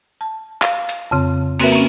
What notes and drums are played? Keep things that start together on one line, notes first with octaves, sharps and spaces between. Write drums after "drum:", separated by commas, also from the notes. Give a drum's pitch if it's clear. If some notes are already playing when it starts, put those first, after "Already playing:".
A5
F5, drum: clap
drum: hi-hat
F2 C#3 C4
A#3 C4 F#4 A#4 B4 E5, drum: cymbal
A#3 C#4